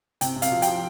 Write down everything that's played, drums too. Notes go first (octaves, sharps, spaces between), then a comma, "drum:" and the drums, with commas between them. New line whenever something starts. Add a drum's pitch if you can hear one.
C3 G5, drum: hi-hat
C3
F5, drum: hi-hat
F3
G5, drum: hi-hat
F3